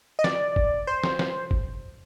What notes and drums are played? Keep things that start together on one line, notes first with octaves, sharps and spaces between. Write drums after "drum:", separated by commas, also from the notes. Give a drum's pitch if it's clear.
D#5
D5, drum: snare
drum: kick F#1
C5
drum: snare
drum: snare
drum: kick F#1